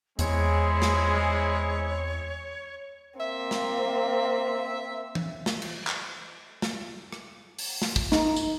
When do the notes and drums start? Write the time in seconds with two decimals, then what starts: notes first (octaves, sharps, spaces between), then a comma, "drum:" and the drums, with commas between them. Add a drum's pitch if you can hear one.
0.19 E2 G#3 C4 E4 G#4 C#5, drum: hi-hat
0.82 drum: snare
3.20 A#3 C4 E5
3.51 drum: snare
5.15 drum: tom E3
5.46 drum: snare
5.62 drum: cymbal
5.87 drum: clap
6.62 drum: snare
7.12 drum: rim click
7.59 drum: open hi-hat
7.82 drum: snare
7.96 drum: kick
8.12 D#4, drum: snare
8.36 drum: tambourine